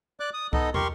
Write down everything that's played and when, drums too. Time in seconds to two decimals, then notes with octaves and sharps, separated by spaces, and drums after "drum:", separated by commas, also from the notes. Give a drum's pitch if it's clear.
0.20 D5 D6 F#6
0.34 D#6
0.53 B3 D#4 A4 D#5, drum: kick C2
0.74 G4 A#4 C6 C#6, drum: tom